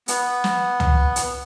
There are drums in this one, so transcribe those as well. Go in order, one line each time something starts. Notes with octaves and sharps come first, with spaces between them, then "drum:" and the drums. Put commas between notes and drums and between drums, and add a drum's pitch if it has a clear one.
B3, drum: hi-hat
drum: snare
drum: tom
drum: hi-hat